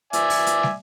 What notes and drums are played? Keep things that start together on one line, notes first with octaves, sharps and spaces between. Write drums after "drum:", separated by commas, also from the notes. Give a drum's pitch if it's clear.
D5 E5 G#5, drum: hi-hat
drum: open hi-hat
drum: hi-hat
drum: snare